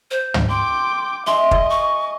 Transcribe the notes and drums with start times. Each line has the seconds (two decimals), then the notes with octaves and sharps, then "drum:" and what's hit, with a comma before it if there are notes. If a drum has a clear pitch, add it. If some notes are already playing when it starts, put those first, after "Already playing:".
0.11 C5
0.34 drum: tom
0.48 G5 C6 D6
1.26 G#4 D#5 E5 C6
1.51 drum: kick
1.70 C#6